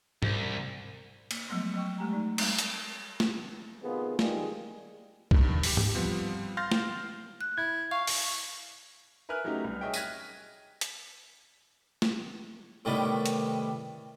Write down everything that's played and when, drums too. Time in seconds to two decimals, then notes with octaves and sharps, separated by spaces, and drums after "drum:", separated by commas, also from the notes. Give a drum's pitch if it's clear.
0.22 C2, drum: tom G#2
1.31 A#3, drum: cymbal
1.49 F3 F#3 G#3 A3 B3 C6
1.74 F#3 D#5 G5 C#6
1.98 G#3 A3 G4 G#5 A#5
2.11 A3 D#4 D5 A#5
2.38 G3 G#3 C4 D#4, drum: cymbal
2.59 drum: hi-hat
3.20 drum: snare
3.83 C3 D#3 B3 F4 G#4
4.19 D#3 G3 F4 G#4, drum: snare
5.31 G2 D#3, drum: kick C2
5.63 G4 B6, drum: open hi-hat
5.77 drum: tom G#2
5.95 F3 G3 B3 C4
6.57 F5 C6 F6 G6 A6 A#6
6.72 drum: snare
7.41 F#6
7.58 E4 G#6
7.91 F5 C#6
8.07 drum: open hi-hat
9.29 A#4 B4 E5 G#5 F6 F#6
9.44 F#3 A3 C#4 D#4 G4
9.64 C2
9.81 G#4 C#5 D#5 E5 G5
9.94 F6 F#6 G#6 A#6 B6 D#7, drum: tambourine
10.81 drum: hi-hat
12.02 drum: snare
12.85 A2 C3 D#3 G3 A3 B3
13.26 drum: hi-hat